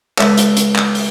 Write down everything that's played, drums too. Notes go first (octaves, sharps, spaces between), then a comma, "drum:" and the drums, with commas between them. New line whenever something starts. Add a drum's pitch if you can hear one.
C#2 A4 E5, drum: clap
drum: hi-hat
drum: hi-hat
drum: clap
drum: open hi-hat